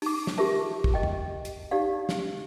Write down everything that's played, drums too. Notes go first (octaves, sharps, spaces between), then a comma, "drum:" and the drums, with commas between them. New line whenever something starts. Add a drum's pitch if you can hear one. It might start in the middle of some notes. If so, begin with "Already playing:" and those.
D#4 D6, drum: open hi-hat
drum: snare
F4 G4 G#4 A#4 E5 A5
drum: kick
D#5 G5
drum: tom E2
drum: hi-hat
D#4 G4 D5 F5
drum: snare